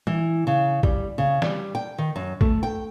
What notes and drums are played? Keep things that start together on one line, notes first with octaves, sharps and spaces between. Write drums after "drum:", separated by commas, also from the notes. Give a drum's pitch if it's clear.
E3, drum: tom
C#3
G3, drum: kick
C#3
G3, drum: snare
G5
D#3
F#2
A3, drum: kick
G5